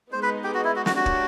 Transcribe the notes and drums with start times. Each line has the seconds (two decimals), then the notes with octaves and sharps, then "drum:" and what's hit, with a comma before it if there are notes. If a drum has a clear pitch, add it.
0.12 G#3 B3 D#4 C5
0.22 B4
0.44 G4
0.54 F#4
0.64 E4
0.76 F#4
0.86 F#4, drum: snare
0.96 A3 D4 F#4 G4 A#4 C#5
1.06 drum: kick